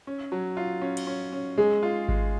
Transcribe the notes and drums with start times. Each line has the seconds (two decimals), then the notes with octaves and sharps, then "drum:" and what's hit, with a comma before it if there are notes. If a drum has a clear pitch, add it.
0.07 C#4
0.32 F#3
0.57 F4
0.82 C#4
0.97 drum: cymbal
1.07 C#4
1.33 C#4
1.58 G#3 G#4
1.83 F4
2.09 G#3, drum: kick G#1